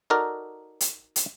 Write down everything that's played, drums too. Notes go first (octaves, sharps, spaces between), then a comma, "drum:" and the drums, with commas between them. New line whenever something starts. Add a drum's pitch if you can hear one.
D#4 F#4 A4 A#4 D5
drum: hi-hat
drum: hi-hat